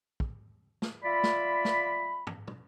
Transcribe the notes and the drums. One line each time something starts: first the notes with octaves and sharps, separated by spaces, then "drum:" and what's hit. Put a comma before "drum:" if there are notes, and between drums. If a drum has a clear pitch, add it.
drum: kick
drum: snare
F4 D5 E5 B5
drum: snare
drum: snare
drum: tom
drum: tom